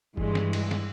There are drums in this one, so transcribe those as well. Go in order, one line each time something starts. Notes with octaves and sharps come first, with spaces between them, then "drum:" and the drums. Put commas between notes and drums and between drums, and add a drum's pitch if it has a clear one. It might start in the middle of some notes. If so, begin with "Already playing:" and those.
G2 E3 G#3, drum: kick
drum: snare
drum: cymbal
drum: snare